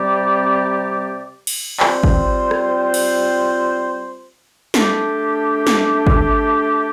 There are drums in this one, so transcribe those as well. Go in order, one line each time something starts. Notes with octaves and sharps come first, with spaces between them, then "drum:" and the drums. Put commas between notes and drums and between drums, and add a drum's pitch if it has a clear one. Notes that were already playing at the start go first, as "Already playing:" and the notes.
Already playing: C3 G3 C4 G4 D5
drum: cymbal
G3 C4 F4 C5, drum: clap
drum: kick G#1
drum: rim click
drum: cymbal
A3 D4 G4, drum: snare
drum: snare
drum: kick G#1